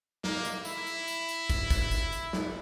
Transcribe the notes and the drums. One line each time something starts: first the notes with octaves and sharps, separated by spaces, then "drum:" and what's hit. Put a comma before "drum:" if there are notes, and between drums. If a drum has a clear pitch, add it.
A#3, drum: snare
drum: tambourine
E4, drum: tambourine
drum: tambourine
drum: tambourine
drum: tambourine
drum: kick, tambourine
drum: kick, tambourine
drum: tambourine
drum: tambourine
drum: snare